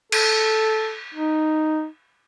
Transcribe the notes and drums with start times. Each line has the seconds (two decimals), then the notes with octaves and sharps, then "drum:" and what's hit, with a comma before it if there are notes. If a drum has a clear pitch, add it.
0.12 A4, drum: cymbal
1.14 D#4